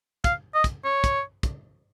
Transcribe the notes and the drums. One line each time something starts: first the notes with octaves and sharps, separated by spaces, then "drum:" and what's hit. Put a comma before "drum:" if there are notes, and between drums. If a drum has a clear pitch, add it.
F5, drum: kick, hi-hat
D#5
drum: kick, hi-hat
C#5
drum: kick, hi-hat
drum: kick, hi-hat